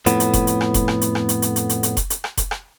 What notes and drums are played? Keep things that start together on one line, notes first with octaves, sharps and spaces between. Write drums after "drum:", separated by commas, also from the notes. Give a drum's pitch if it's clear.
F2 A2 B3, drum: hi-hat
drum: hi-hat
drum: kick F1, hi-hat
drum: hi-hat
drum: rim click
drum: kick F1, hi-hat
drum: rim click
drum: hi-hat
drum: rim click
drum: hi-hat
drum: hi-hat
drum: hi-hat
drum: hi-hat
drum: hi-hat
drum: kick F1, hi-hat
drum: hi-hat
drum: rim click
drum: kick F1, hi-hat
drum: rim click